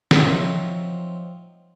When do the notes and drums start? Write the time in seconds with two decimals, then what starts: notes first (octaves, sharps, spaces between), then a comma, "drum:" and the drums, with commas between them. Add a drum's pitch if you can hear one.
0.11 F3 F#3 C4 D#4 E5, drum: snare